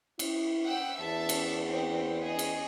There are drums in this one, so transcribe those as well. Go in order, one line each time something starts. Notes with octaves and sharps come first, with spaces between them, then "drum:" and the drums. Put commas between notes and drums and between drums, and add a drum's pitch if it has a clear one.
E4, drum: cymbal
F#5 G5 E6
E2 E5 A5
drum: cymbal
C4
G#4 D#5
drum: cymbal